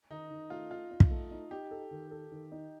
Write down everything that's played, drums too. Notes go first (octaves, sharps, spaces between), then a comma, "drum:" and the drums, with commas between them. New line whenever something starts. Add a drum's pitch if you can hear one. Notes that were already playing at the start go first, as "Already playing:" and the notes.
D#3 D#4
D#3
A3 F4
D#4 F4
D#4
drum: kick
A3
D#4
D#4 G4
A4
D#3
A4
D#3
D#4